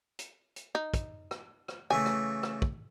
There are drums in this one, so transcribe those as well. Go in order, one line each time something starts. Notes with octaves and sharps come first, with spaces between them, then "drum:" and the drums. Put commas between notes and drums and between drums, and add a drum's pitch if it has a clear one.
drum: hi-hat
drum: hi-hat
D#4
drum: kick, hi-hat
drum: rim click
drum: rim click
C#3 E3 A3 G#5
drum: rim click
drum: rim click
drum: kick